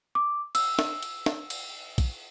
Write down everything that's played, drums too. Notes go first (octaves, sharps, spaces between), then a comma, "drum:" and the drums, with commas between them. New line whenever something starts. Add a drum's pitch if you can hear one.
D6
E6, drum: cymbal
drum: snare
drum: cymbal
drum: snare
drum: cymbal
drum: kick, cymbal